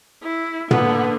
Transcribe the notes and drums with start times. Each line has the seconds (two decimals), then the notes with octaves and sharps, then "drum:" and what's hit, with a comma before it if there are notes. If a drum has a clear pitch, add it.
0.23 E4
0.71 D3 A#3 B3, drum: tom